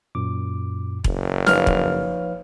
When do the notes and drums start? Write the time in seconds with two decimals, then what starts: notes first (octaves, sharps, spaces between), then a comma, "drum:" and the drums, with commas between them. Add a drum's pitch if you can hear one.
0.15 F#2 A#2 D6
1.04 F#1, drum: kick E1
1.46 F3 D#4 B4 C#5 F5 F6, drum: snare
1.67 drum: kick E1